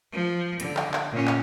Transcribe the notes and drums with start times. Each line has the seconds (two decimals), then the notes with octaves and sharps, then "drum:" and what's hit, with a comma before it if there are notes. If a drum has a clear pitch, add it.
0.12 F3
0.60 D3, drum: hi-hat
0.77 drum: clap
0.94 drum: clap
1.11 A#2 C#4
1.27 drum: clap